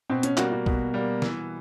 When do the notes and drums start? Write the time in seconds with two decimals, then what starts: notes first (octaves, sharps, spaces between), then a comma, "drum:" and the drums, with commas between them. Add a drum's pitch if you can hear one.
0.10 B2 C4
0.23 C#4, drum: hi-hat
0.37 G3 A#3 F#4, drum: clap
0.52 F#4
0.66 B2, drum: kick
0.94 G3 A#3
1.22 E3, drum: snare